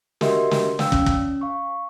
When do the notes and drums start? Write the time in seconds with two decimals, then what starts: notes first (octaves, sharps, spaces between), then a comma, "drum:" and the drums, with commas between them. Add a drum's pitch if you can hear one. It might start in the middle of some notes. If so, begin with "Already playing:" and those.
0.21 F#4 G4 A#4 D#5 E5 C6, drum: snare
0.51 drum: snare
0.79 D5 F5 G5 E6, drum: snare
0.92 C#4, drum: kick
1.06 drum: kick
1.41 F5 C#6